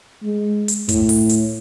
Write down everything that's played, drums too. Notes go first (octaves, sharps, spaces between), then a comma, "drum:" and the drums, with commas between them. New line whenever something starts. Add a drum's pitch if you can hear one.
G#3
drum: hi-hat
A2, drum: kick, hi-hat
drum: open hi-hat
drum: hi-hat